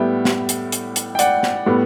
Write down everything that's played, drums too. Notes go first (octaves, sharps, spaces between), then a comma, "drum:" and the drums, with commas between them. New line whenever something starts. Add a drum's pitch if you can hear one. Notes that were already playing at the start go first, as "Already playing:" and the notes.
Already playing: A2 G3 B3 E5 G5
drum: snare
drum: hi-hat
drum: hi-hat
drum: hi-hat
G5
D5 F#5, drum: hi-hat
drum: snare
A2 G3 B3